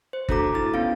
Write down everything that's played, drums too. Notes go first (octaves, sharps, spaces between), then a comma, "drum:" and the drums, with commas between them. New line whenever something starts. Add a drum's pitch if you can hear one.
C5
A3 D4 F#4 A4 A#5 D6, drum: kick G1
E4 A6
B3 C#4 F4 F5